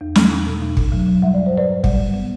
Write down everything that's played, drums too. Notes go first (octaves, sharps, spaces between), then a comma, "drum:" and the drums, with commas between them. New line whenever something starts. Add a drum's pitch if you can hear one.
E2
A3, drum: snare
E2
B2
E2
B2, drum: kick
F#3
F#3
G3 E5
G2 D5
C5
G2 B4 D5
G2
G3, drum: kick
G3
B3